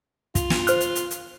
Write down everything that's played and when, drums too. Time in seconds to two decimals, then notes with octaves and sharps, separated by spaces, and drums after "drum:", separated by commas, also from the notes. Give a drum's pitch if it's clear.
0.35 F4, drum: kick, hi-hat
0.50 drum: snare
0.67 C5 F6 F#6, drum: hi-hat
0.80 drum: hi-hat
0.95 drum: hi-hat
1.11 drum: hi-hat